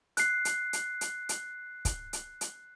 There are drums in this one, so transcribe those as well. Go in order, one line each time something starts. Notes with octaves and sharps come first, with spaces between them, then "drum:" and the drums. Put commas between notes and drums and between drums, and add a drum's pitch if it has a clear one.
F#6 C7, drum: hi-hat
drum: hi-hat
drum: hi-hat
drum: hi-hat
drum: hi-hat
drum: kick, hi-hat
drum: hi-hat
drum: hi-hat